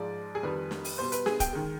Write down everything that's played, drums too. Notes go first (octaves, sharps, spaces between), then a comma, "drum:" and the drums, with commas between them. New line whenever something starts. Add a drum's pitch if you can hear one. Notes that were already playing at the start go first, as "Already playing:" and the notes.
Already playing: G#2 F3 G#3 D5
G#4
F2 D#3 G3 B4
drum: snare
drum: open hi-hat
B2 G3 C5
B4, drum: hi-hat
G#4, drum: snare
G5, drum: kick D1, hi-hat
D#3 G#3